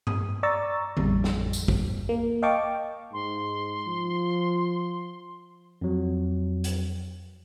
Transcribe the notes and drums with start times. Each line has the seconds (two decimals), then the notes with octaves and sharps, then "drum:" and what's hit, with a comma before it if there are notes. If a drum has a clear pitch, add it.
0.07 D#6, drum: tom G2
0.43 D5 A#5 C#6 E6 A6
0.97 A1 F2 G3, drum: tom D3
1.24 drum: snare
1.53 drum: tambourine
1.68 drum: kick
2.09 A#3
2.42 D#5 F5 G5 A5 C#6 D6
3.13 G#2 C6
3.86 F3
5.81 F2 F#3
6.64 drum: hi-hat